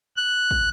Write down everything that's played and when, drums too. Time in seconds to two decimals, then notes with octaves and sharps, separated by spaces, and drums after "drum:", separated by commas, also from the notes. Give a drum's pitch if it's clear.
0.17 F#6
0.51 drum: kick